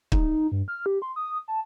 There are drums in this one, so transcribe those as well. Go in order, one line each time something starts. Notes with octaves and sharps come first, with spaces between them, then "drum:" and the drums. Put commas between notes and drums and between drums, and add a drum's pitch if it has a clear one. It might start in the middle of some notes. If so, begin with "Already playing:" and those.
D#4, drum: kick
G2
F6
G4
C6
D#6
A5